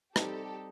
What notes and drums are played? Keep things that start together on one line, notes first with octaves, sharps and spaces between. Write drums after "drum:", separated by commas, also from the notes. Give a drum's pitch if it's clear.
G3 C4 D#4 G4 A4, drum: rim click